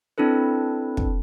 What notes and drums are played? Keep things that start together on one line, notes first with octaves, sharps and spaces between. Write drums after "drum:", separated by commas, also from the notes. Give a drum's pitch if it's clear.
C4 D4 E4 A4 B4
drum: kick